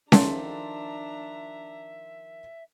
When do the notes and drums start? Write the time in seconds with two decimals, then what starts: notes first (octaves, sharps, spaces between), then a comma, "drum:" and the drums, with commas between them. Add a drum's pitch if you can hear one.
0.12 D#3 F3 D4 A4 E5 A5 A#5 C6, drum: snare C#4